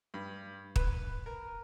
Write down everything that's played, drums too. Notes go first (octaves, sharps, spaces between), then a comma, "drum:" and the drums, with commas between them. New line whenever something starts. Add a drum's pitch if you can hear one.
G2
B4, drum: kick
A#4